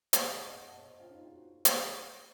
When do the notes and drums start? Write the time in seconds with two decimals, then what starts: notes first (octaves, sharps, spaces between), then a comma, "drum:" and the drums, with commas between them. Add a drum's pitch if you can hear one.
0.13 A5, drum: hi-hat
0.24 F#5
0.35 D#5
0.46 D#5
0.52 F5
0.57 F#5
0.67 D#5
0.78 C#5
0.89 C5
1.00 F4
1.11 D#4
1.22 F4
1.32 F#4
1.65 drum: hi-hat